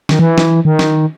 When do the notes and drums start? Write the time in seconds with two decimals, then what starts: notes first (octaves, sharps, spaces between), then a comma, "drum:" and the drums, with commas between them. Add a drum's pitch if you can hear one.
0.09 D#3, drum: snare
0.19 E3
0.38 drum: snare
0.65 D#3
0.79 drum: snare